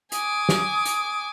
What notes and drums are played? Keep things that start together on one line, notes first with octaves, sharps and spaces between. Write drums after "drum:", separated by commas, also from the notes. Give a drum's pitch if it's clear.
G#5 D6 D#6, drum: hi-hat
drum: snare
drum: hi-hat